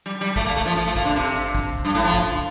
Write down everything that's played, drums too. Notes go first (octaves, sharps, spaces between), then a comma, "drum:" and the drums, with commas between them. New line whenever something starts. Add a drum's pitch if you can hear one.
G3
G3
A3, drum: kick
A#3
A3
F3
F3
A3
A#3, drum: kick
D3
C3
drum: kick
G2
A2
F3
drum: kick